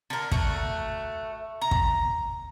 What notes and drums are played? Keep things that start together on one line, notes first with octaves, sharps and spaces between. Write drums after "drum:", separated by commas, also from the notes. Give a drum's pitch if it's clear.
D3 A#4
A3 F#4, drum: kick
A#5
drum: kick